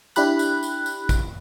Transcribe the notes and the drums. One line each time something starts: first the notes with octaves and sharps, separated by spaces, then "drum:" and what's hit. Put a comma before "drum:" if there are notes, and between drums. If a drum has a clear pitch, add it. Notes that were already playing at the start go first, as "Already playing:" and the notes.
D4 E4 G4 B5 F#6, drum: tambourine
drum: tambourine
drum: tambourine
drum: tambourine
drum: kick, tambourine